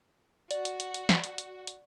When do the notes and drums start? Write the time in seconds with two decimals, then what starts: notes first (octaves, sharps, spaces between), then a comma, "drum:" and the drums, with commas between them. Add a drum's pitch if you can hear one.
0.51 F#4 D5, drum: hi-hat
0.65 drum: hi-hat
0.80 drum: hi-hat
0.94 drum: hi-hat
1.09 drum: snare
1.24 drum: hi-hat
1.38 drum: hi-hat
1.67 drum: hi-hat